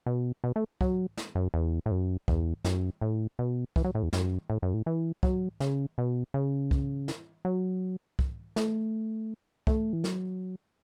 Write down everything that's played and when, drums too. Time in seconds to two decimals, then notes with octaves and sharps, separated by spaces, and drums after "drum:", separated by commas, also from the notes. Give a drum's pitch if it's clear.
0.06 B2
0.44 B2
0.56 A3
0.81 F#3, drum: kick
1.17 drum: snare
1.35 F#2
1.54 E2
1.86 A2
1.91 F#2
2.28 E2, drum: kick
2.64 F#2, drum: snare
3.01 A2
3.39 B2
3.76 E3, drum: kick
3.84 F#3
3.95 A2
4.03 E2
4.13 F#2, drum: snare
4.50 A2
4.62 F#2
4.74 A2
4.86 E3
5.23 F#3, drum: kick
5.60 C#3, drum: snare
5.98 B2
6.34 C#3
6.71 drum: kick
7.08 drum: snare
7.45 F#3
8.19 drum: kick
8.56 A3, drum: snare
9.67 A3, drum: kick
9.93 E3
10.04 F#3, drum: snare